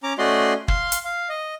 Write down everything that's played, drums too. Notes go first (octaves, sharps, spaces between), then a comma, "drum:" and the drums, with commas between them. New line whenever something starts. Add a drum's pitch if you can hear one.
C#4 A#5 D6
A3 C#4 F#4 D5 D#5 C6
F5 C6, drum: kick
drum: hi-hat
F5
D#5